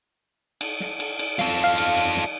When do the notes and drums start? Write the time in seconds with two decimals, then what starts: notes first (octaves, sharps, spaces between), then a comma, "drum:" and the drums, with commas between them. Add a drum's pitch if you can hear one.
0.61 drum: cymbal
0.80 drum: snare
1.00 drum: cymbal
1.19 drum: cymbal
1.39 F4 A4, drum: snare
1.64 F5
1.78 drum: cymbal
1.97 drum: cymbal
2.17 drum: snare